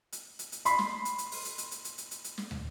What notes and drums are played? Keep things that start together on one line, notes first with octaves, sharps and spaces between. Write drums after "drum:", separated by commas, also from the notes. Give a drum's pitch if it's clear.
drum: hi-hat
drum: hi-hat
drum: hi-hat
B5 C6, drum: hi-hat
drum: snare
drum: hi-hat
drum: hi-hat
drum: open hi-hat
drum: hi-hat
drum: hi-hat
drum: hi-hat
drum: hi-hat
drum: hi-hat
drum: hi-hat
drum: hi-hat
drum: snare
drum: tom